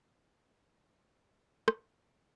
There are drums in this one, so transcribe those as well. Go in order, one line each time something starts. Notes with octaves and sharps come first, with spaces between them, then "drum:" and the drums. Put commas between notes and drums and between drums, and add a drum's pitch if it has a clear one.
D#2
A#2
D#2
drum: rim click
F#1
D7